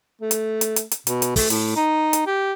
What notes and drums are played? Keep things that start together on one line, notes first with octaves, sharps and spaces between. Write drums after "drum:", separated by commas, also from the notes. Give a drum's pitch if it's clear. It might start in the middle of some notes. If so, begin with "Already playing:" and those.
A3
drum: hi-hat
drum: hi-hat
drum: hi-hat
drum: hi-hat
B2, drum: hi-hat
drum: hi-hat
A3, drum: kick, open hi-hat
A2, drum: hi-hat
D#4
drum: hi-hat
G4